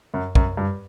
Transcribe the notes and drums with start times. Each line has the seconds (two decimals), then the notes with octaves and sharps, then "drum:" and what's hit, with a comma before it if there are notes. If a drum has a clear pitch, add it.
0.14 F#2
0.35 F#2, drum: kick
0.57 G2